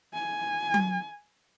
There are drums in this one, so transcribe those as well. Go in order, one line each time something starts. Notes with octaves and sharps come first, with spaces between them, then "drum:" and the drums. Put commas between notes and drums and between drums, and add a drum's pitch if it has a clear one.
G#5
drum: tom F#3